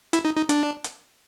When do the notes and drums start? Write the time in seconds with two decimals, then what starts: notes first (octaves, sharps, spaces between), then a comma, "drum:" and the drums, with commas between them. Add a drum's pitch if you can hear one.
0.13 E4, drum: hi-hat
0.25 D#4
0.36 D#4
0.49 D4, drum: hi-hat
0.84 drum: hi-hat